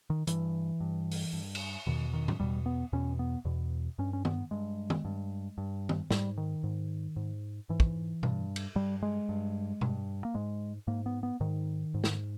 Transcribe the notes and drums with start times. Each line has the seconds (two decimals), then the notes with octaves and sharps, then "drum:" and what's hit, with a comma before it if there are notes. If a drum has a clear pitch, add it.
0.10 D#3
0.27 G2 E3, drum: hi-hat
0.80 G2
1.11 drum: open hi-hat
1.33 G2
1.55 drum: cymbal
1.87 E2 B2 D#3
2.13 D#3
2.28 drum: tom A2
2.40 E2 B2 G3
2.66 B3
2.93 E2 B2 C#4
3.19 B3
3.45 E2 B2
3.98 G2 C#4
4.13 C#4
4.25 B3, drum: tom D#3
4.51 G2 G#3
4.90 drum: tom D#3
5.05 G2
5.58 G2
5.89 drum: tom D#3
6.11 G#2 G3, drum: snare
6.37 D#3
6.64 G#2
7.16 G#2
7.69 G#2 E3
7.80 drum: kick
8.23 G2, drum: tom B2
8.56 drum: cymbal
8.76 G2 G3
9.02 G#3
9.29 G2
9.81 G2, drum: tom B2
10.25 A#3
10.35 G#2 G#3
10.87 G#2 A#3
11.06 B3
11.23 B3
11.40 G#2 D#3
11.94 G#2
12.04 drum: snare